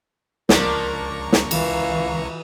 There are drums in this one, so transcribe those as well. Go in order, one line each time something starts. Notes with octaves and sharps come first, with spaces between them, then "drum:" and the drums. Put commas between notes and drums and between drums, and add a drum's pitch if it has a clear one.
C#2 F3 A#3 D4 A#4 A#5 C#6, drum: snare
drum: snare
E3 F5, drum: cymbal